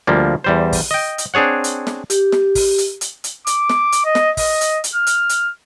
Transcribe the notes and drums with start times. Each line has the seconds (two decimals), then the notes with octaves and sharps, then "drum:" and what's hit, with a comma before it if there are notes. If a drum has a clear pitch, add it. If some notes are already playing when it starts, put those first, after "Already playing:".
0.07 D2 F3 G3 A#3
0.44 E2 G3 C5
0.73 drum: kick, open hi-hat
0.91 D#5 G5
1.18 drum: hi-hat
1.34 C4 D4 G#4 C#5 F#5
1.64 drum: hi-hat
1.87 drum: snare
2.10 G4, drum: hi-hat
2.32 drum: snare
2.55 drum: kick, open hi-hat
2.78 drum: hi-hat
3.01 drum: hi-hat
3.24 drum: hi-hat
3.47 D6, drum: hi-hat
3.70 drum: snare
3.92 drum: hi-hat
4.05 D#5
4.15 drum: snare
4.37 D#5, drum: kick, open hi-hat
4.61 drum: hi-hat
4.84 drum: hi-hat
4.95 F6
5.07 drum: hi-hat
5.29 drum: hi-hat